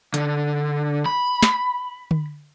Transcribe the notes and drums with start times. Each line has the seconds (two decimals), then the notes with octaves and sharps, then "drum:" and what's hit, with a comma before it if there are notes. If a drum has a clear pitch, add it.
0.14 D3, drum: hi-hat
1.06 B5
1.43 drum: snare
2.11 drum: tom D3